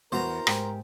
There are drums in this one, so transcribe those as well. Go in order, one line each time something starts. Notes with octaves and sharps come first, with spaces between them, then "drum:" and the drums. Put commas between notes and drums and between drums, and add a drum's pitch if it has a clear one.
E2 B3 F#4 A#4 C5 A#5
G#2 G4, drum: rim click